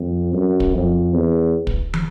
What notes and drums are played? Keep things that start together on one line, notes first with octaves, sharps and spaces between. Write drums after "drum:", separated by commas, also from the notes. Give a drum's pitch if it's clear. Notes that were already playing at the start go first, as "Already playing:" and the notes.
Already playing: F2
F#2
drum: kick
F2
E2
drum: kick
drum: tom